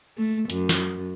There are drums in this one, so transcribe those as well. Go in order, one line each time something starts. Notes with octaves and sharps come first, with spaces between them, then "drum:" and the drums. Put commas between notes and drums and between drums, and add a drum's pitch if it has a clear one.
A3
F#2, drum: hi-hat
drum: snare